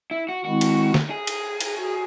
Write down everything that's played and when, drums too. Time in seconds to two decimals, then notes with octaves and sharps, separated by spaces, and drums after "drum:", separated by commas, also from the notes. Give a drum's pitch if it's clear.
0.11 E4
0.29 F#4
0.45 D#3 G#3 C4 E4 F#4
0.61 drum: cymbal
0.94 drum: snare
1.10 G#4
1.27 drum: cymbal
1.61 drum: cymbal
1.77 F#4